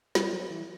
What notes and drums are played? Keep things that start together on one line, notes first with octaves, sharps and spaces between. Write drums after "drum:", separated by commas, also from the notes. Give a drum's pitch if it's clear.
G3, drum: snare
F#3
E3